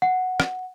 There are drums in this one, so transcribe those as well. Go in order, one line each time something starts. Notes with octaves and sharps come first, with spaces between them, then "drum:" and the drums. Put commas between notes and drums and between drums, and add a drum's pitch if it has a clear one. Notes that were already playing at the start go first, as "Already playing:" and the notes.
F#5
drum: rim click